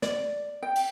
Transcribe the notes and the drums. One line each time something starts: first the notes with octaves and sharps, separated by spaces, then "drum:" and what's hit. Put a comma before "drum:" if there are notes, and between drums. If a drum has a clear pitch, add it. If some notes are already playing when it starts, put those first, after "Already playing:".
D5, drum: snare
G5
drum: cymbal